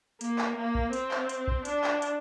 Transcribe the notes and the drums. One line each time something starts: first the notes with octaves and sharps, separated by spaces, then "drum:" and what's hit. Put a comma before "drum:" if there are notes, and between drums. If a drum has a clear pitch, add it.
A#3, drum: hi-hat
drum: clap
A#3
drum: kick A#1
C4, drum: hi-hat
drum: clap
drum: hi-hat
drum: kick A#1
D4, drum: hi-hat
drum: clap
drum: hi-hat